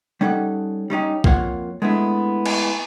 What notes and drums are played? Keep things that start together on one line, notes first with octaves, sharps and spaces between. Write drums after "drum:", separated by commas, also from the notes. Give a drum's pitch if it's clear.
G3 C#4 D#4 A4 F#5 G5
G3 C#4 D#4 G4
F2 A#3 F4 C#5 F#5, drum: kick B1
G#3 A3 B3 D4 E4
drum: cymbal